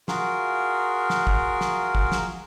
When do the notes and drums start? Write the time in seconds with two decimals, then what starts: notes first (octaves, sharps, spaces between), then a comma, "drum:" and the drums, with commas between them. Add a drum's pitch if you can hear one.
0.08 F4 F#4 G#4 A#4, drum: snare
1.10 drum: snare
1.27 drum: kick
1.61 drum: snare
1.95 drum: kick
2.12 drum: snare